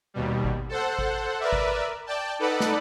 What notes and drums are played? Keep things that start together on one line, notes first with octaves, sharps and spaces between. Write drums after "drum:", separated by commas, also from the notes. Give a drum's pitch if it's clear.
D#2 B2 G3
drum: kick G#1
A4 C5 F#5
drum: kick G#1
A#4 B4 D5 E5
drum: kick G#1
D5 G5 A5
D#4 A4 B4 D5 F#5
drum: snare